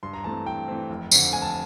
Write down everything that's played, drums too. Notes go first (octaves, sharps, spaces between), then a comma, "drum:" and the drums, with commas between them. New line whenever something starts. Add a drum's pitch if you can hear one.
G2 C6
A#5
E3 A3 C4 A5
G2 G5
E3 A3 C4
F1
F2 D3, drum: tambourine
F1 G#5
A5